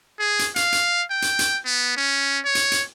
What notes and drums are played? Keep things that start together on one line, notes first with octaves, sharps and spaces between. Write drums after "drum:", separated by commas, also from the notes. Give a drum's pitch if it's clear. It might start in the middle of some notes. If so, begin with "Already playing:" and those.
G#4
drum: hi-hat
F5, drum: hi-hat
drum: hi-hat
G5
drum: hi-hat
drum: hi-hat
B3
C#4
C#5
drum: hi-hat
drum: hi-hat